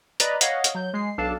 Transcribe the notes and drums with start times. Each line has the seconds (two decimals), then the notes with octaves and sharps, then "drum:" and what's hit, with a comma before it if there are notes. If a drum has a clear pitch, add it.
0.20 B4 D5 D#5 A#5 B5, drum: hi-hat
0.41 C#5 D#5 F5 F#5, drum: hi-hat
0.64 drum: hi-hat
0.75 F#3 G6
0.93 G#3 C7
1.18 B1 D4 A4 F5 A5